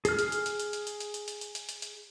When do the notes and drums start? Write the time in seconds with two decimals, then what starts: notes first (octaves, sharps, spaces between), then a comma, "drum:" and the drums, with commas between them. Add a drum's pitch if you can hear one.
0.05 G#4 F6, drum: hi-hat
0.19 drum: hi-hat
0.32 drum: hi-hat
0.46 drum: hi-hat
0.60 drum: hi-hat
0.73 drum: hi-hat
0.87 drum: hi-hat
1.00 drum: hi-hat
1.14 drum: hi-hat
1.28 drum: hi-hat
1.41 drum: hi-hat
1.55 drum: hi-hat
1.69 drum: hi-hat
1.82 drum: hi-hat